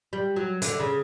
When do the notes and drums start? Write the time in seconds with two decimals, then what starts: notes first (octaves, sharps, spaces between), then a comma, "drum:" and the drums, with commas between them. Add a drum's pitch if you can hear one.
0.13 G3
0.36 F#3
0.62 D3, drum: hi-hat
0.80 C#3